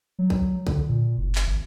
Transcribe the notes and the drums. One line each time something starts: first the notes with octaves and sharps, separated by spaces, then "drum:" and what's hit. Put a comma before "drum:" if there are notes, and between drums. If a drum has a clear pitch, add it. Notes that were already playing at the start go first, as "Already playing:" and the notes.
F#3
drum: kick
D3, drum: kick
A#2
F#1
drum: clap
G#1